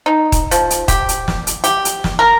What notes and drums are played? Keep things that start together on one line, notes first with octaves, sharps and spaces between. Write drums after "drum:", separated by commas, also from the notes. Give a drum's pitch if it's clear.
D#4
drum: kick D#1, hi-hat
F3, drum: hi-hat
drum: hi-hat
G4, drum: kick D#1, hi-hat
drum: hi-hat
drum: snare
drum: hi-hat
G4, drum: hi-hat
drum: hi-hat
drum: snare
A#4